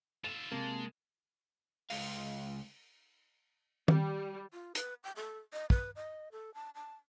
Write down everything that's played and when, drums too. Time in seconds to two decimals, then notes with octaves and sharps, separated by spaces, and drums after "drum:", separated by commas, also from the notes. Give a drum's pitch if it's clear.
0.24 F4 E5 E7
0.51 C3 G#3 A#3 A5
1.90 C#2 F5, drum: open hi-hat
3.88 G3, drum: tom D#3
4.52 F4
4.75 B4, drum: hi-hat
5.04 G5
5.16 A4
5.53 D#5
5.70 B4, drum: kick
5.96 D#5
6.32 A4
6.54 A5
6.75 A5